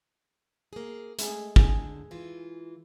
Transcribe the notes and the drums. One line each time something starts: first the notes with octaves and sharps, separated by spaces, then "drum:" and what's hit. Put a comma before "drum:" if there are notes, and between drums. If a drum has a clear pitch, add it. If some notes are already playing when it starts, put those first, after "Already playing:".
A#3 G#4
G#3 A3 G#4, drum: hi-hat
D3 G#4, drum: kick
E3 F4